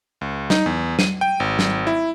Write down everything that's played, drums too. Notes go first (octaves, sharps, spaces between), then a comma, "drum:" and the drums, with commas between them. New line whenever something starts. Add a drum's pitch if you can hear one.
C#2
D#4, drum: snare
E2
D#7, drum: snare
G5
G#1
drum: snare
E4